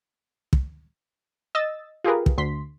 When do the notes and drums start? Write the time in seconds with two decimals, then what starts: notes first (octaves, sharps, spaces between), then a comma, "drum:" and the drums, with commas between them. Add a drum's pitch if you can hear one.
0.53 drum: kick
1.55 D#5 E6 A6
2.04 F4 G4 G#4 A#4 B4
2.26 drum: kick
2.38 D2 C6 B6